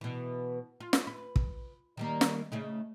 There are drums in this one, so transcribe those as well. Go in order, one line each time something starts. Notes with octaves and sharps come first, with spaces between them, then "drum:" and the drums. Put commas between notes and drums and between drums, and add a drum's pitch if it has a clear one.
B2 E3
F4
drum: snare
B4
drum: kick
D#3 G3 A#3
drum: snare
C#3 A3 D#4